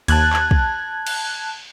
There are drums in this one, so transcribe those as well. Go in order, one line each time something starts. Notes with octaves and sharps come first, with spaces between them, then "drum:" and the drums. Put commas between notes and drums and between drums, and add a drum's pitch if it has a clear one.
D#2 A5 F#6 G#6, drum: cymbal
drum: clap
drum: kick
drum: cymbal